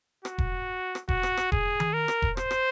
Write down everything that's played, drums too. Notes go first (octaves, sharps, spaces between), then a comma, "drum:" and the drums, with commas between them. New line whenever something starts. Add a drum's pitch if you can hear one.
F#4, drum: rim click
drum: kick E1
drum: rim click
F#4, drum: kick E1
drum: rim click
drum: rim click
G#4, drum: kick E1
drum: tom D#3
A#4
drum: rim click
drum: kick E1
C5, drum: rim click
drum: rim click